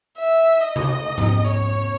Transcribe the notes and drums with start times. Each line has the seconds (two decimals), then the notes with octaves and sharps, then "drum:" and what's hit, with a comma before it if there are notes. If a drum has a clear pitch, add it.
0.18 E5
0.60 D#5
0.76 drum: tom C3
1.18 drum: tom G#2
1.45 C#5